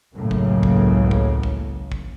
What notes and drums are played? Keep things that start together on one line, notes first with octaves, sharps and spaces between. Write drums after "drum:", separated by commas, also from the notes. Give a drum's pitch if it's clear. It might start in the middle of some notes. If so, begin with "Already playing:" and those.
C#2 F#2 A2 C#3 F#3 A#3
drum: kick
drum: kick
drum: kick
drum: kick
drum: kick